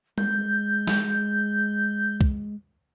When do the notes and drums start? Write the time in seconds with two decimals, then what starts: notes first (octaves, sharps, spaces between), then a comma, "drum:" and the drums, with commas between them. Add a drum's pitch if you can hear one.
0.18 G#3 G6, drum: tom
0.87 drum: snare
2.21 drum: kick